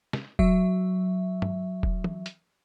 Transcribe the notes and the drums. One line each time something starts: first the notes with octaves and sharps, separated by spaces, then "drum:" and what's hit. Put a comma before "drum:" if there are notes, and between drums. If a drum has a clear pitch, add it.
drum: snare
F#3 E5, drum: kick E1
drum: tom
drum: kick E1
drum: tom
drum: hi-hat